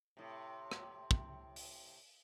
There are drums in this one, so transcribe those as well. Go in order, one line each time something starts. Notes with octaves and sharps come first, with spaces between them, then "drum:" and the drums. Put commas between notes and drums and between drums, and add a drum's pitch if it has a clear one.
A2 C3
drum: rim click
drum: kick
drum: open hi-hat